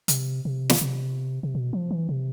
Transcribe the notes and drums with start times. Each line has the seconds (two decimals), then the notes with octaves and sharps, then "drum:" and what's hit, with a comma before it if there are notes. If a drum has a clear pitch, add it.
0.08 C3, drum: hi-hat
0.45 C3
0.70 drum: snare
0.81 C3
1.43 C3
1.55 B2
1.73 F3
1.91 E3
2.09 C3